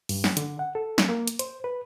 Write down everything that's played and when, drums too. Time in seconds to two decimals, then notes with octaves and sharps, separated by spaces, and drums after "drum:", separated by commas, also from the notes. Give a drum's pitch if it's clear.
0.09 G2, drum: open hi-hat
0.24 drum: snare
0.37 D3, drum: hi-hat
0.59 F#5
0.75 A4
0.98 drum: snare
1.09 A#3
1.28 drum: hi-hat
1.39 C5, drum: hi-hat
1.64 B4